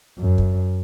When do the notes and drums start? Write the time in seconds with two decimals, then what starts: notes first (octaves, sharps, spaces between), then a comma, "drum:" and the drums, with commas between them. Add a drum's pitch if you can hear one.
0.19 F#2
0.38 drum: kick